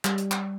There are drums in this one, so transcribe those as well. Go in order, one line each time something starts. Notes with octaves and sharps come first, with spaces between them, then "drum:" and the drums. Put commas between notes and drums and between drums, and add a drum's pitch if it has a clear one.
G3, drum: clap
drum: hi-hat
drum: clap